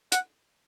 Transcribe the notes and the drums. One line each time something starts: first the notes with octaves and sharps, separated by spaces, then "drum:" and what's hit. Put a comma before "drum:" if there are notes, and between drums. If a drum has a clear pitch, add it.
F#5, drum: hi-hat